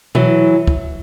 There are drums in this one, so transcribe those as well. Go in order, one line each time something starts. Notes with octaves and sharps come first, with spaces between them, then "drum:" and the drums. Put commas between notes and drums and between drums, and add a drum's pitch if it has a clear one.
E3 F#3, drum: tom B2
drum: kick